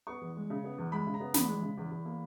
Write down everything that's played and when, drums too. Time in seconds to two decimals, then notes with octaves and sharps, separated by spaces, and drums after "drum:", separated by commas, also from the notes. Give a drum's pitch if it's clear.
0.07 B3 C#6
0.21 E2
0.36 G#3
0.50 C#3
0.64 B3
0.78 E2
0.92 G#3 B5
1.07 C#3
1.14 A#5
1.20 B3
1.34 E2 B5, drum: snare
1.48 G#3
1.62 C#3
1.77 E2
1.91 E2
2.05 A#3